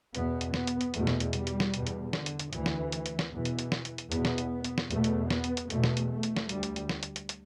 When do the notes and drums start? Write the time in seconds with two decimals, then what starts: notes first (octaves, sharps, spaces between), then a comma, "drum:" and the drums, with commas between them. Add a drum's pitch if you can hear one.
0.15 E2 B2 B3, drum: hi-hat
0.41 drum: hi-hat
0.54 B3, drum: snare
0.67 drum: hi-hat
0.81 drum: hi-hat
0.94 E2 B2 A3, drum: hi-hat
1.07 drum: snare
1.20 drum: hi-hat
1.33 G3, drum: hi-hat
1.47 drum: hi-hat
1.60 drum: snare
1.74 E2 B2, drum: hi-hat
1.87 drum: hi-hat
2.13 D3, drum: snare
2.26 drum: hi-hat
2.39 drum: hi-hat
2.53 D2 E3, drum: hi-hat
2.66 drum: snare
2.92 drum: hi-hat
3.06 drum: hi-hat
3.19 drum: snare
3.32 E2 B2 E3
3.45 drum: hi-hat
3.59 drum: hi-hat
3.72 drum: snare
3.85 drum: hi-hat
3.98 drum: hi-hat
4.12 E2 B2 B3, drum: hi-hat
4.25 drum: snare
4.38 drum: hi-hat
4.64 drum: hi-hat
4.78 drum: snare
4.91 E2 B2 A3, drum: hi-hat
5.04 drum: hi-hat
5.30 B3, drum: snare
5.44 drum: hi-hat
5.57 drum: hi-hat
5.70 E2 B2 A3, drum: hi-hat
5.84 drum: snare
5.97 drum: hi-hat
6.10 A3
6.23 drum: hi-hat
6.36 drum: snare
6.49 D2 G3, drum: hi-hat
6.63 drum: hi-hat
6.76 drum: hi-hat
6.89 drum: snare
7.03 drum: hi-hat
7.16 drum: hi-hat
7.29 drum: hi-hat